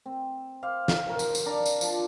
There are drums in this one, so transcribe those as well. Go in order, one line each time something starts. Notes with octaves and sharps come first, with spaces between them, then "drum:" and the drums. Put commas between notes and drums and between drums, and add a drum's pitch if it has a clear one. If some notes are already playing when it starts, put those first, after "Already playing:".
C4
C5 F5 D6
drum: snare
A#4
drum: tambourine
drum: tambourine
D4 D5 A#5
drum: tambourine
F3, drum: tambourine